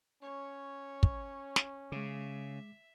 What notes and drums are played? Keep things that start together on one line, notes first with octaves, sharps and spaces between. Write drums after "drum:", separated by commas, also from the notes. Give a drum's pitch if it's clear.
C#4 C#5
drum: kick
drum: snare
C#3 G#3 E5 D6